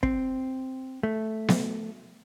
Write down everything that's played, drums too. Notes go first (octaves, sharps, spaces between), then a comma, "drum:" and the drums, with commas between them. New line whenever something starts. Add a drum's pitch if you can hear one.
C4, drum: kick
A3
drum: snare B3